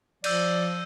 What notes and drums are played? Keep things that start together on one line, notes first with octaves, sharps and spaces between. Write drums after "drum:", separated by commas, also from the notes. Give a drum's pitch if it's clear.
F3 D5 E6 G6 D#7, drum: cymbal